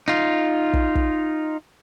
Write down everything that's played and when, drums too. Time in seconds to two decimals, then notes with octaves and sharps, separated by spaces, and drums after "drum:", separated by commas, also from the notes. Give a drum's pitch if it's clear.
0.08 D#4 F4
0.73 drum: kick
0.95 drum: kick